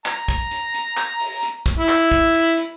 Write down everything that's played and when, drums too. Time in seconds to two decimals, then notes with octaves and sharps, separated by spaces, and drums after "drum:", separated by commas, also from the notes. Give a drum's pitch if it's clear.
0.06 A#5, drum: clap
0.28 drum: kick, hi-hat
0.51 drum: hi-hat
0.74 drum: hi-hat
0.97 drum: clap
1.20 drum: open hi-hat
1.43 drum: hi-hat
1.66 drum: kick, hi-hat
1.79 E4
1.89 drum: clap
2.12 drum: kick, hi-hat
2.34 drum: hi-hat
2.57 drum: hi-hat